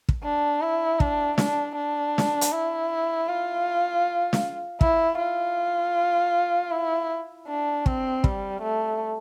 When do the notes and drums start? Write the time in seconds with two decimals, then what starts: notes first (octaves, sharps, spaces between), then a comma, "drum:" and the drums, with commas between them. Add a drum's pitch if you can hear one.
0.09 drum: kick
0.24 D4
0.62 E4
1.00 D4, drum: kick
1.38 D4, drum: snare
1.76 D4
2.18 drum: snare
2.41 drum: hi-hat
2.52 E4
3.28 F4
4.33 drum: snare
4.81 E4, drum: kick
5.19 F4
6.72 E4
7.47 D4
7.86 C4, drum: kick
8.24 G3, drum: kick
8.62 A3